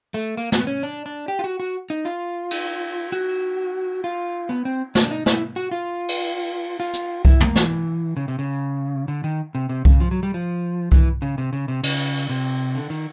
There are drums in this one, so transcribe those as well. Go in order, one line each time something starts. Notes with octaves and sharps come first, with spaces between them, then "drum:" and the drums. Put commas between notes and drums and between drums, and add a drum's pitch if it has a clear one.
A3
A#3
B3, drum: snare
C#4
D4
D4
G4
F4
F#4
F#4
D#4
F4
drum: cymbal
F#4
F4
B3
C4
D4, drum: snare
D#4
E4, drum: snare
F#4
F4
drum: cymbal
F4
drum: hi-hat
E4, drum: kick C2
A#3, drum: tom
E3, drum: snare
C#3
C3
C#3
D3
D#3
C3
C3
C#3, drum: kick C2
F3
F#3
G3
F3
E3, drum: kick C2
C#3
C3
C#3
C3
C#3, drum: cymbal
C3
D3
D#3